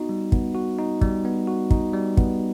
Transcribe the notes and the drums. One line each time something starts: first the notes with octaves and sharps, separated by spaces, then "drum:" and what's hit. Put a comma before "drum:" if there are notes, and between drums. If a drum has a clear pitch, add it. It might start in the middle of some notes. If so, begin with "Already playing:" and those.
Already playing: B3 D#4 F#4
G3
B3, drum: kick
F#4
D#4
G3, drum: kick
B3
F#4
D#4, drum: kick
G3
B3, drum: kick